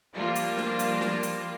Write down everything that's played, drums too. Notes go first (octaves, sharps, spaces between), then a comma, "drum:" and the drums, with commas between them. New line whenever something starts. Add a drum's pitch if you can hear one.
F3 G3 A#3 D4 F4
drum: hi-hat
drum: snare
drum: hi-hat
drum: snare
drum: hi-hat